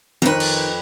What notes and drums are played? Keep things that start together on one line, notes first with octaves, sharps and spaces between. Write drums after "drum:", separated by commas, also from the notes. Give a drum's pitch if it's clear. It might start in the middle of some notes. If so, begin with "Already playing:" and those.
F2 D#3 B4
drum: cymbal